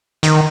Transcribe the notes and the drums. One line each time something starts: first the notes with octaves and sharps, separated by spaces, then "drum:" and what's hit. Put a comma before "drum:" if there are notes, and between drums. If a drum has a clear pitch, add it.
D#3, drum: hi-hat